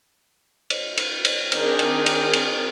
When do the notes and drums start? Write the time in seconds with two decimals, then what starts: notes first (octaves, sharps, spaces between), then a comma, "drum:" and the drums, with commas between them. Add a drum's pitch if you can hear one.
0.70 drum: cymbal
0.97 drum: cymbal
1.25 drum: cymbal
1.52 D#3 C4 D4 G#4 A#4 G5, drum: cymbal
1.79 drum: cymbal
2.06 drum: cymbal
2.33 drum: cymbal